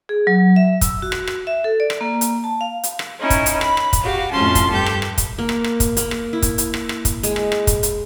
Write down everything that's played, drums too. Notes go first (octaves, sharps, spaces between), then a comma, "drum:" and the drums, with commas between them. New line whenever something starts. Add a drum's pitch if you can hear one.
G#4
F#3
E5
E6, drum: kick, hi-hat
F#4
drum: rim click
drum: rim click
E5
A4
D5
drum: rim click
A#3
drum: hi-hat
A5
F5
drum: hi-hat
drum: rim click
C#4 D#4 E4
drum: kick, hi-hat
drum: hi-hat
B5, drum: rim click
drum: rim click
drum: kick, hi-hat
F#4 G4 F5
F2 A2 F3 C#4 A5 C6
drum: kick, hi-hat
G2 G4 A4 G6
drum: rim click
drum: rim click
drum: kick, hi-hat
A#3
drum: rim click
drum: rim click
drum: kick, hi-hat
A#3, drum: hi-hat
drum: rim click
E4
drum: kick, hi-hat
drum: hi-hat
drum: rim click
drum: rim click
drum: kick, hi-hat
G#3, drum: hi-hat
drum: rim click
drum: rim click
drum: kick, hi-hat
drum: hi-hat